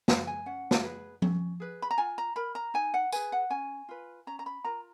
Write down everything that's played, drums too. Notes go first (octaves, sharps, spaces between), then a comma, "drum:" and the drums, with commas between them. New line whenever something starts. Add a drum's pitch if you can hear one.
G#4 B4, drum: snare
G#5
C#4 F#5
drum: snare
G#4 B4
C#4, drum: tom F3
G#4 B4
B5
A#5
F4 G#5
A#5
A#4 B5
A#5
D#4 G#5
F#5
G#4 B4 G#5, drum: tambourine
F#5
C#4 G#5
F4 B4
C#4 A#5
A#5
B5
F4 A#4 A#5